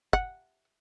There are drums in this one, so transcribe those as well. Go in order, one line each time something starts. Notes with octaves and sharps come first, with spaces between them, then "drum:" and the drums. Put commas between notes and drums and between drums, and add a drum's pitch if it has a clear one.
F#5, drum: kick